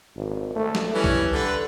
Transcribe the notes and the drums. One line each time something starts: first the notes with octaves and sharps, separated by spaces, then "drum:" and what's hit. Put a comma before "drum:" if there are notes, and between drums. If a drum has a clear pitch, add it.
G#1
A3
drum: snare
E3 G3 C#4
drum: kick
D3 B4